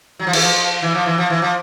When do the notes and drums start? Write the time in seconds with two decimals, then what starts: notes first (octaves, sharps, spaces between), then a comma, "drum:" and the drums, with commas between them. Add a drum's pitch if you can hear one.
0.19 F#3
0.27 F3
0.33 E3, drum: cymbal
0.41 F3
0.82 E3
0.95 F3
1.06 E3
1.18 F3
1.30 E3
1.42 F3